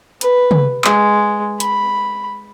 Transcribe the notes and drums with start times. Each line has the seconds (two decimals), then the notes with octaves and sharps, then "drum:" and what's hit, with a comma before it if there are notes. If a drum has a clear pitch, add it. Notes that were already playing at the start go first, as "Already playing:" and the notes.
0.21 B4, drum: hi-hat
0.51 drum: tom
0.84 G#3, drum: clap
1.60 B5, drum: hi-hat